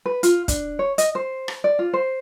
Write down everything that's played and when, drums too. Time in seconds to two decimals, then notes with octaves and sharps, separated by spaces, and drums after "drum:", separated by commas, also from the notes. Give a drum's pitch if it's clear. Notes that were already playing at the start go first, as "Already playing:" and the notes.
0.06 B4
0.23 F4, drum: hi-hat
0.48 D4, drum: kick, hi-hat
0.79 C#5
0.98 D#5, drum: hi-hat
1.15 C5
1.48 drum: rim click
1.64 D5
1.79 F4
1.94 C5